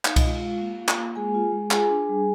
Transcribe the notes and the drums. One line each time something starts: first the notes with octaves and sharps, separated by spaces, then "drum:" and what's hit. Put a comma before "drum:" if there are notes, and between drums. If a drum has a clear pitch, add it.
D#4 F5, drum: clap
D#5, drum: kick C2, cymbal
G#3 F4 F5
G#3
A#3
F4
drum: clap
A#3
G#3 G#4 G#5
F4
G#3
F4 G#4 G#5, drum: clap
D4
G3